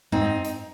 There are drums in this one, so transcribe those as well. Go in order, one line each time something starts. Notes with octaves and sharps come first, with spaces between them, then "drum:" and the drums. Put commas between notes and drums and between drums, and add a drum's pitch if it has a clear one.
G#2 C4 D#4, drum: tom F#2
drum: hi-hat